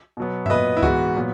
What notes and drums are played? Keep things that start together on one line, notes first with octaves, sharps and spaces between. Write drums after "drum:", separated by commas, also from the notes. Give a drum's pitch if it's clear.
B2 F#3 B3
E5, drum: tom F#2
A#2 F#3 B3 B4 D#5
E4
G#2 E3 G#3 B3 F#4, drum: kick C#2
A#2 F#3 B3